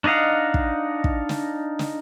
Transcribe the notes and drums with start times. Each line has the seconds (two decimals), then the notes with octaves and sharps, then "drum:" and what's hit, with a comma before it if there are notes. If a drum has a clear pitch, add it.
0.04 D4 D#4 D#5 F5 F#5
0.54 drum: kick
1.04 drum: kick
1.29 drum: snare
1.79 drum: snare